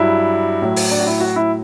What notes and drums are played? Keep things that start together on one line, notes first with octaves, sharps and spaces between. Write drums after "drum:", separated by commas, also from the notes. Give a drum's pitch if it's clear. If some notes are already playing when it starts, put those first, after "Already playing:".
Already playing: G2 F#3 E4
A2 F#3
drum: open hi-hat
D4
F#4
E4
F#4
E4